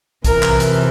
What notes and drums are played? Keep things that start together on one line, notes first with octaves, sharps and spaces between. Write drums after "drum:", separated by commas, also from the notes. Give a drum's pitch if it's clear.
F2 C3 E3 A#4, drum: kick B1, hi-hat
drum: clap
drum: hi-hat